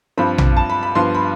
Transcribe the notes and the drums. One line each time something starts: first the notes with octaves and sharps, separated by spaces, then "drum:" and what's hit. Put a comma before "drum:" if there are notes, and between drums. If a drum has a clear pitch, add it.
G2 F3 C4 B5
drum: tom A#1
A5
B5
B5
G2 F3 B3 C6
B5